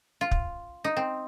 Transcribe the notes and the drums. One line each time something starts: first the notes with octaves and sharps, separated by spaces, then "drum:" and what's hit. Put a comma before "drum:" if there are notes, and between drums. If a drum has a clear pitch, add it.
F4
drum: kick
D#4
C4